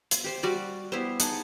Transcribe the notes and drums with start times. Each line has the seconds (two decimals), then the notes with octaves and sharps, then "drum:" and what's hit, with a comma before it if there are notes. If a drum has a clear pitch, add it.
0.11 C6, drum: hi-hat
0.24 G4 C5 C6
0.43 G3 F#4 D5
0.92 B3 E4 G4 C5
1.20 D#4 G#4 F#5 A5, drum: hi-hat